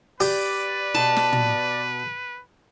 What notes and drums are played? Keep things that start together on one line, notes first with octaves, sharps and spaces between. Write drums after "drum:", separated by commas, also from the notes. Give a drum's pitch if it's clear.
G4 B4 D5, drum: open hi-hat
B2 A5
drum: snare
drum: tom